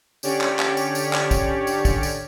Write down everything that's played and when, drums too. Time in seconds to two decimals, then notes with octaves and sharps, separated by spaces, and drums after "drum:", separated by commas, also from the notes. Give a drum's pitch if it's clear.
0.23 D3 C#4 G4 C#5 D5, drum: tambourine
0.41 drum: clap
0.59 drum: clap
0.77 drum: tambourine
0.95 drum: tambourine
1.13 drum: clap
1.31 drum: kick, tambourine
1.67 drum: tambourine
1.85 drum: kick, tambourine
2.03 drum: tambourine